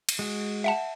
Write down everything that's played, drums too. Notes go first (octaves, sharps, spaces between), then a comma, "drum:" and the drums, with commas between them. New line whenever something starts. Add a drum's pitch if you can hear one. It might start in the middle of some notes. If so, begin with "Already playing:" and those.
drum: cymbal
G#3 F#4
E5 F#5 A5